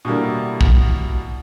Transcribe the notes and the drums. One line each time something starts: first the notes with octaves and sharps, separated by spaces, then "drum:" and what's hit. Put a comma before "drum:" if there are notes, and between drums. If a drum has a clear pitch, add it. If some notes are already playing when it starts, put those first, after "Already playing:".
B2 D3 G3 A#3 E4
drum: kick